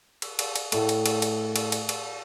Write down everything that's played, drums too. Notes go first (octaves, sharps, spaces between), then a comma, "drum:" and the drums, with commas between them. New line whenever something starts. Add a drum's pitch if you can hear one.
drum: cymbal
drum: cymbal
drum: cymbal
A2 A3, drum: cymbal
drum: cymbal
drum: cymbal
drum: cymbal
drum: cymbal
drum: cymbal
drum: cymbal